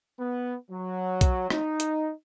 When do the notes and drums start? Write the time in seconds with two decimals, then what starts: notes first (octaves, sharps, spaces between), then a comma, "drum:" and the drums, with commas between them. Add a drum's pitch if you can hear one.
0.19 B3
0.71 F#3
1.21 drum: kick B1, hi-hat
1.50 D#4, drum: rim click
1.80 drum: hi-hat